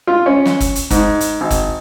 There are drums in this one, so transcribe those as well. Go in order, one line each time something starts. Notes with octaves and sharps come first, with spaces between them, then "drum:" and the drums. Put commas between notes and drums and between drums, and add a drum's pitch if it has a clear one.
F4
C#4
drum: snare
drum: kick, hi-hat
drum: hi-hat
G#2, drum: kick, hi-hat
drum: hi-hat
G#1
drum: kick, hi-hat